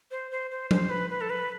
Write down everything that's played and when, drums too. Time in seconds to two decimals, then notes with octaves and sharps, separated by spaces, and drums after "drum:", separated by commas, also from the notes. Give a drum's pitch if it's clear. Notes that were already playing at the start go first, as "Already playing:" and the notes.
0.11 C5
0.31 C5
0.51 C5
0.71 C5, drum: tom F3
0.90 B4
1.10 B4
1.21 A4
1.30 B4